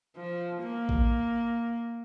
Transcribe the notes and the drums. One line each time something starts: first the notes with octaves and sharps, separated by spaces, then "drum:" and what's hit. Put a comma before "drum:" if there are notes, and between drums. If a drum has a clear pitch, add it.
F3
A#3
drum: kick A1